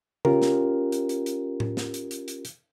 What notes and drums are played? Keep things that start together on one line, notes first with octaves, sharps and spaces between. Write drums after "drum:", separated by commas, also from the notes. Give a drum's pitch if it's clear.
C#4 F4 G4 A#4, drum: tom C#3
drum: snare
drum: hi-hat
drum: hi-hat
drum: hi-hat
drum: tom A2
drum: snare
drum: hi-hat
drum: hi-hat
drum: hi-hat
drum: hi-hat